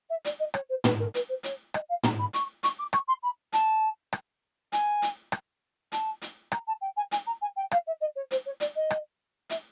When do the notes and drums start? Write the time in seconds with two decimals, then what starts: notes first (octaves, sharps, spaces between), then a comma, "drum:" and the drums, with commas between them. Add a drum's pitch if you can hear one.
0.09 E5
0.25 D5, drum: hi-hat
0.39 D#5
0.54 C#5, drum: rim click
0.69 C5
0.84 B4, drum: tom
0.99 A#4
1.14 B4, drum: hi-hat
1.29 C5
1.43 C#5, drum: hi-hat
1.74 D#5, drum: rim click
1.89 F5
2.03 A#5, drum: tom
2.18 B5
2.33 C#6, drum: hi-hat
2.63 C#6, drum: hi-hat
2.78 D6
2.93 C#6, drum: rim click
3.07 C6
3.22 B5
3.53 A5, drum: hi-hat
4.13 drum: rim click
4.72 G#5, drum: hi-hat
5.02 drum: hi-hat
5.32 drum: rim click
5.92 A5, drum: hi-hat
6.22 drum: hi-hat
6.52 A#5, drum: rim click
6.67 A5
6.81 G5
6.96 G#5
7.11 G#5, drum: hi-hat
7.26 A#5
7.41 G#5
7.56 G5
7.71 F5, drum: rim click
7.86 E5
8.00 D#5
8.15 C#5
8.31 C5, drum: hi-hat
8.45 C#5
8.60 D5, drum: hi-hat
8.75 D#5
8.90 drum: rim click
9.50 E5, drum: hi-hat